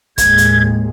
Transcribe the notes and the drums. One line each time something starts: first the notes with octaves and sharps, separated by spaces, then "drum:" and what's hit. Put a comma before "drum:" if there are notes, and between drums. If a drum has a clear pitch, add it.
D#2 A2 G#3 G#6, drum: kick, hi-hat
drum: hi-hat